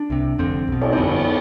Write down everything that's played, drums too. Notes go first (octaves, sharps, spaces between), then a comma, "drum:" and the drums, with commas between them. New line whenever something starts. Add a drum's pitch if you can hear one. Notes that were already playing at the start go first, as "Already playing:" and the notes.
Already playing: D4
C2 C3
F1 F2 D3 C4
B1 B2
drum: cymbal
C4
G1 F2 D3 B3